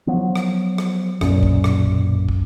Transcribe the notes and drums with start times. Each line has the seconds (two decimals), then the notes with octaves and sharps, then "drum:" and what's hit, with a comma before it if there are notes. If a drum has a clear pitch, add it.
0.07 F3 F#3 B3
0.36 drum: rim click
0.78 drum: rim click
1.21 B1 F#2 A#2, drum: rim click
1.43 drum: kick
1.64 drum: rim click
2.29 drum: kick